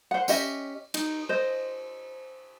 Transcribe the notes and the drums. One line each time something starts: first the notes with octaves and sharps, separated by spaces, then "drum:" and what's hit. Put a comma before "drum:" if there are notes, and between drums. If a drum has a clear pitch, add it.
C5 F#5
C#4 G4 D#5 E5, drum: tambourine
D#4, drum: cymbal
C5 D#5